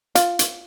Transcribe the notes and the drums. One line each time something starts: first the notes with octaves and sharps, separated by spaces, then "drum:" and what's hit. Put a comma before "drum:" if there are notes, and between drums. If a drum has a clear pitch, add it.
F4, drum: hi-hat
drum: hi-hat